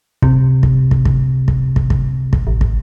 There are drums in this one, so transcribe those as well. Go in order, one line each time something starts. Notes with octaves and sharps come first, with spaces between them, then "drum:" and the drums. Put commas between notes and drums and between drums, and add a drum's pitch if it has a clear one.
C3, drum: kick
drum: kick
drum: kick
drum: kick
drum: kick
drum: kick
drum: kick
drum: kick
A1
drum: kick